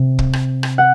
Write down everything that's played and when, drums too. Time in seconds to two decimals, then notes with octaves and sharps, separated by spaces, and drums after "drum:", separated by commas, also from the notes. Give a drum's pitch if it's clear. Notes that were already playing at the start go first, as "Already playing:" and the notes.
Already playing: C3
0.19 drum: kick
0.33 drum: rim click
0.63 drum: rim click
0.78 F#5